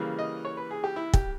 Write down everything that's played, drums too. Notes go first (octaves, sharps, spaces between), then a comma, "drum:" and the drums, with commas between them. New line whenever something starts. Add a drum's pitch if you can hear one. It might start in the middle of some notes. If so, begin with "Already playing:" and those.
Already playing: C#3 E3 G3 A#3
D#5
C#5
B4
G#4
G4
E4
G4, drum: kick